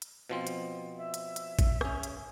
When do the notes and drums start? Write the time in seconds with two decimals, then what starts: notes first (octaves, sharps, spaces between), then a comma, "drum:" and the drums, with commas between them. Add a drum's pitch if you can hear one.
0.02 drum: hi-hat
0.29 B2 F3 C4
0.47 drum: hi-hat
0.98 E5
1.14 drum: hi-hat
1.36 drum: hi-hat
1.59 drum: kick A1, hi-hat
1.81 C#4 G#4, drum: rim click
2.03 drum: hi-hat